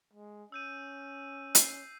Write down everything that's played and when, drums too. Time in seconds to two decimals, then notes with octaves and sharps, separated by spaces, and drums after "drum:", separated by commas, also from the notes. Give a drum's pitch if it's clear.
0.13 G#3
0.52 C#4 E6 G6 D#7
1.55 C7, drum: hi-hat